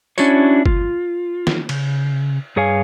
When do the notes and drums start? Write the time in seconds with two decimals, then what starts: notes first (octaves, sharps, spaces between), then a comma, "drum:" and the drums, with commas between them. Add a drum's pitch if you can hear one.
0.18 C#4 D4 E4 F#4 C#5, drum: tambourine
0.66 F4, drum: kick G1
1.47 drum: snare
1.69 C#3, drum: cymbal
2.56 G2 G#4 C#5 F5 G#5